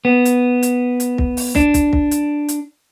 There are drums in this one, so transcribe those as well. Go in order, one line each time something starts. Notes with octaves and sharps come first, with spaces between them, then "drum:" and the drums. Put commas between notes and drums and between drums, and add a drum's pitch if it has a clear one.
B3
drum: hi-hat
drum: hi-hat
drum: hi-hat
drum: kick
drum: open hi-hat
D4, drum: kick
drum: kick, hi-hat
drum: kick
drum: hi-hat
drum: hi-hat